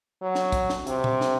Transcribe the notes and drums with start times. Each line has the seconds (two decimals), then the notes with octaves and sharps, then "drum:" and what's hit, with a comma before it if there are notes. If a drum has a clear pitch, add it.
0.22 F#3
0.35 drum: snare
0.52 drum: kick, hi-hat
0.70 drum: snare
0.87 C3, drum: hi-hat
1.04 drum: tom A#2
1.21 drum: snare